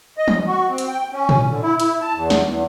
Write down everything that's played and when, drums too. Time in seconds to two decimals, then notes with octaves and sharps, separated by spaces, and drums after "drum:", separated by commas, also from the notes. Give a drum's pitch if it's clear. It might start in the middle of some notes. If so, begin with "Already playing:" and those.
0.17 D#5
0.28 drum: tom
0.46 F#4
0.69 C4
0.78 drum: hi-hat
0.88 G5
1.12 C#4
1.29 drum: tom
1.48 D3
1.62 E4
1.80 E4, drum: hi-hat
2.01 A5
2.15 E2
2.30 drum: snare
2.44 E2